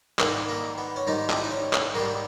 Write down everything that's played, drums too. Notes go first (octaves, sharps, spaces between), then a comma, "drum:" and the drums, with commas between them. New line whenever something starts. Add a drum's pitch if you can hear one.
G#2 D#3 G3 A#3, drum: clap
A#3
B3
C#4
G#2 D#3 G3 D#4
G4, drum: clap
E4
D#4
C#4
drum: clap
G#2 D#3 G3 A#3